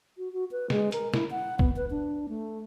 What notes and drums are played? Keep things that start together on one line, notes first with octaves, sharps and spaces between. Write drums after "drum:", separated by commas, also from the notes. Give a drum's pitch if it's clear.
F#4
F#4
B4
G#3, drum: snare
A#4, drum: hi-hat
E4, drum: snare
F#5
B3, drum: kick
B4
D4
A3